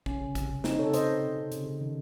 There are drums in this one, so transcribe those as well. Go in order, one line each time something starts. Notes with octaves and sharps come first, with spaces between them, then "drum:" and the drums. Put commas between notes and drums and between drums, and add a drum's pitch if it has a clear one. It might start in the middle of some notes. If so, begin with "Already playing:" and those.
C#3 C#4, drum: kick
C#3
C3, drum: kick, hi-hat
C3
C#3 C4 D#4, drum: snare
C#3 A4 C#5
C3 C5 D#5, drum: hi-hat
C3
C3
C3
C#3, drum: hi-hat
C#3
D#3